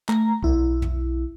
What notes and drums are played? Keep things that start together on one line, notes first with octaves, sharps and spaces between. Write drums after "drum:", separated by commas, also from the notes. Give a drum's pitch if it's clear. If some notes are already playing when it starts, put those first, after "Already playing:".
A3 A#5, drum: clap
B1 E4, drum: kick C#2
drum: tom F2